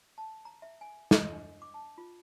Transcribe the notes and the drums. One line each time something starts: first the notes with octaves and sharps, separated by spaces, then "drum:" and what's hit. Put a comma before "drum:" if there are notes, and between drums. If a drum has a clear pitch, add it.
A5
A#5
E5
G#5
D#5, drum: snare
D4
D6
A5
F4